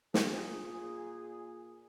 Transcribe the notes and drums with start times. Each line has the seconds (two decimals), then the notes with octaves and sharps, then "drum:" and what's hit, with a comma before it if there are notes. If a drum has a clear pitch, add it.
0.14 A#2 G#4, drum: snare